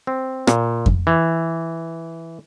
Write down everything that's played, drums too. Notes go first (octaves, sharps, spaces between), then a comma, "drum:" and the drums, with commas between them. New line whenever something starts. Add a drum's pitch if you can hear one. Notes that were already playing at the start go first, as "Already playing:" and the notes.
C4
A#2, drum: rim click
drum: kick F2
E3